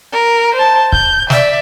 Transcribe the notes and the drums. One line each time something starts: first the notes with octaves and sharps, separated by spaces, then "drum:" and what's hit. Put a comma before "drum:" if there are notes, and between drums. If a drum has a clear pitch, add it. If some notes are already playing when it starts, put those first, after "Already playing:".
A#4
C5 A5
G6, drum: kick
D5 E5, drum: snare